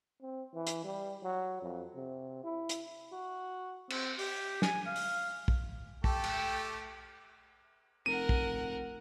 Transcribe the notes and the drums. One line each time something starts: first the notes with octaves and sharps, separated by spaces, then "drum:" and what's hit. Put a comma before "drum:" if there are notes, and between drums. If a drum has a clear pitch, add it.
C4
E3
drum: hi-hat
G3
F#3
F2
C3
E4
drum: hi-hat
F#4
C4, drum: cymbal
G4, drum: open hi-hat
G#5, drum: snare
F5
drum: open hi-hat
drum: kick
A3 G4 A4 G5, drum: kick
drum: cymbal
F1 A#4 F#5 D#7
drum: kick